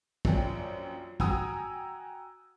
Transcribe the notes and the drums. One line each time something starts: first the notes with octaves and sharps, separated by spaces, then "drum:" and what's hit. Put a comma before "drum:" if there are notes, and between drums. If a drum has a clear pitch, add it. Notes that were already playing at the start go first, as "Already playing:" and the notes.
A#1 F#2 G5, drum: kick
F#4 G5 G#5 A#5 D#6 E6, drum: kick